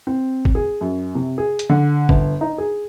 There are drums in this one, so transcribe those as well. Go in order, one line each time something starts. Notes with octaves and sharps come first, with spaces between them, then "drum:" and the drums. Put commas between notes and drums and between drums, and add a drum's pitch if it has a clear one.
C4
drum: kick
G#4
F#2
C3
G#4
drum: hi-hat
D3
G1, drum: kick
D#4
G#4